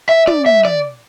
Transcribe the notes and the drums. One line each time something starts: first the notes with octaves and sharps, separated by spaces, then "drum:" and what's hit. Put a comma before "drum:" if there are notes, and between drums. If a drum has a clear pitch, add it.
E5
D5, drum: tom
E5
D5